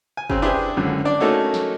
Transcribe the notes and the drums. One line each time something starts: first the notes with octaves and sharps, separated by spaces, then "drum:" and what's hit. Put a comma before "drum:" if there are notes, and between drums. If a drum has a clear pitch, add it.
G#5
C#3 C4, drum: kick
D4 E4 G4 G#4 B4 C5
C#2 F#2 D3
D4 D5
A3 A#3 C#4 D#4 F#4 A4
drum: snare